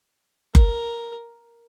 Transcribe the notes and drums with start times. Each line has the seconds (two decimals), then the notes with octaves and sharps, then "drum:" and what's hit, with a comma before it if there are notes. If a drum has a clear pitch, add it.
0.55 A#4, drum: kick F#1